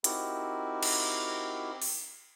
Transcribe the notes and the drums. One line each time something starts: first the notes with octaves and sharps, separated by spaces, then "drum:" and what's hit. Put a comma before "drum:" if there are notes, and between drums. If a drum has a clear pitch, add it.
C4 D#4 E4 F#4 G4 A#4, drum: hi-hat
drum: cymbal
drum: open hi-hat